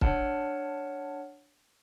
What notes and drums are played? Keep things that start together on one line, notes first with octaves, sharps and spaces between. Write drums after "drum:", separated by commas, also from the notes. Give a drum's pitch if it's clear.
D4 C#5 F#5 A5 F6, drum: kick